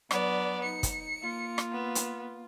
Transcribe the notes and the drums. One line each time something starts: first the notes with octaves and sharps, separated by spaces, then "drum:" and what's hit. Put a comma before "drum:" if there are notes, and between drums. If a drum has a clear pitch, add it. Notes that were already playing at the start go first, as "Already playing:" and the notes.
F#3 B3 D4 D5, drum: rim click
D#4 C#7
drum: kick, hi-hat
A#3 F4
drum: rim click
B3
drum: hi-hat